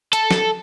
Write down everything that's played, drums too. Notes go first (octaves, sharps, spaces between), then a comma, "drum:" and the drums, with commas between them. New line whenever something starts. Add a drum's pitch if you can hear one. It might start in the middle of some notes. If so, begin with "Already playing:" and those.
A4, drum: hi-hat
drum: snare